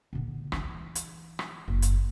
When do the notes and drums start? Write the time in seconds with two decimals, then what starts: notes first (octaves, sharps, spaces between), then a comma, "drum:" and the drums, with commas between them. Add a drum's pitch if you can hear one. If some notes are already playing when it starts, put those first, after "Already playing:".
0.13 A#2 D3
0.52 E3 D#4, drum: rim click
0.95 drum: hi-hat
1.39 drum: rim click
1.68 F#1
1.82 drum: hi-hat